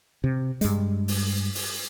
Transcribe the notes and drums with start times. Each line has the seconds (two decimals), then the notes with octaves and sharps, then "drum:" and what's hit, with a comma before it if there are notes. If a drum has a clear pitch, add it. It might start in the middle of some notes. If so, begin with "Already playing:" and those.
0.24 C3
0.61 G2 G#3, drum: hi-hat
1.08 drum: open hi-hat
1.55 drum: open hi-hat